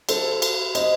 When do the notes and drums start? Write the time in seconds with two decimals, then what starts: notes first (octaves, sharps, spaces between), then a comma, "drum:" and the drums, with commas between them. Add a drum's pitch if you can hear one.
0.09 A4 C5, drum: cymbal
0.42 drum: cymbal
0.75 C5 D#5, drum: cymbal